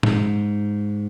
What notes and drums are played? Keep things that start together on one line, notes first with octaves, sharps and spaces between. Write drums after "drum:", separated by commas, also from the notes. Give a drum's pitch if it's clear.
G#2, drum: tom G#2